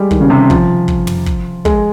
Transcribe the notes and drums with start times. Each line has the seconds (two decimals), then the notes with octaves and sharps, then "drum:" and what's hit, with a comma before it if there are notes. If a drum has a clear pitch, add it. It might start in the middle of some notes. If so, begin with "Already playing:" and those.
Already playing: G3 G#3
0.11 D#3, drum: kick
0.21 C#3
0.30 C3
0.50 F3, drum: kick
0.88 drum: kick
1.07 drum: tom
1.26 drum: kick
1.65 G#3, drum: kick